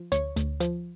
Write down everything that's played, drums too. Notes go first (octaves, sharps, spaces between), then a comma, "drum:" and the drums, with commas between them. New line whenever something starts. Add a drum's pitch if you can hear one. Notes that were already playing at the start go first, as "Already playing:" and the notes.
Already playing: F3
D2 C#5, drum: hi-hat
D2, drum: hi-hat
F3, drum: hi-hat